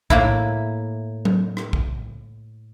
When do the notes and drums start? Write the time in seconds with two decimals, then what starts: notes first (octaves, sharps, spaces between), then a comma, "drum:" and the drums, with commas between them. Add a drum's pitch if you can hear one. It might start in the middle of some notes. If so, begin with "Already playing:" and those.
0.10 A2 A#3 E4, drum: kick
1.25 drum: tom F#3
1.57 drum: rim click
1.73 drum: kick